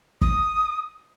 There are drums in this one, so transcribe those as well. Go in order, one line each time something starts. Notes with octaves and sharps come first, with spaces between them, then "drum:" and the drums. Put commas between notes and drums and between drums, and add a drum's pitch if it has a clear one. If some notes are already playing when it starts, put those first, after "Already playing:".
D#6, drum: kick